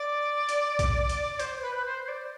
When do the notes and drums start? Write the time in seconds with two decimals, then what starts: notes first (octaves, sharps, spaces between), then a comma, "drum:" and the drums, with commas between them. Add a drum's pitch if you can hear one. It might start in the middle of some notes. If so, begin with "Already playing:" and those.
Already playing: D5
0.49 drum: hi-hat
0.79 drum: kick B1, hi-hat
1.09 drum: hi-hat
1.34 D5
1.40 C5, drum: hi-hat
1.55 C5
1.62 B4
1.75 B4
1.86 C5
2.04 C5
2.08 D5